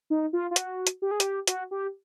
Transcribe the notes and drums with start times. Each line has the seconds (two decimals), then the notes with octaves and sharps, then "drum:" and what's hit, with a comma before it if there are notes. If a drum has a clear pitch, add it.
0.10 D#4
0.33 F4
0.51 F4
0.56 F#4, drum: hi-hat
0.87 drum: hi-hat
1.02 G4
1.11 G#4
1.20 G4, drum: hi-hat
1.47 F#4, drum: hi-hat
1.71 G4